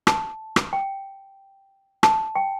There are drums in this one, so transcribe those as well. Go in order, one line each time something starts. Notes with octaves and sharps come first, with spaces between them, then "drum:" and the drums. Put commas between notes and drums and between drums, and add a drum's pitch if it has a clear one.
A5, drum: rim click
drum: rim click
G5
A5, drum: rim click
G5